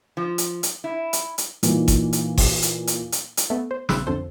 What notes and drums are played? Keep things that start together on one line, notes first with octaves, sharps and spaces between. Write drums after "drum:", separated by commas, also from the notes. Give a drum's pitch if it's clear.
F3
drum: hi-hat
drum: hi-hat
E4
drum: hi-hat
drum: hi-hat
A#2 E3 D#4, drum: hi-hat
drum: kick G1, hi-hat
drum: hi-hat
drum: kick G1, open hi-hat
drum: hi-hat
drum: hi-hat
drum: hi-hat
drum: hi-hat
A3 B3
C5
A#1 C#3 B4 C6 E6 F#6, drum: snare
F2 D3 A4 C5